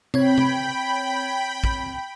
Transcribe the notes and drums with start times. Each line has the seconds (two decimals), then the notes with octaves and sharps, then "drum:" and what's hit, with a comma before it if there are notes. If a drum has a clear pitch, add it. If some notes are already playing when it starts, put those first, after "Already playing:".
0.14 C4 C#5 G5 B5 G#6, drum: tom C3
0.38 drum: tom C3
1.64 drum: kick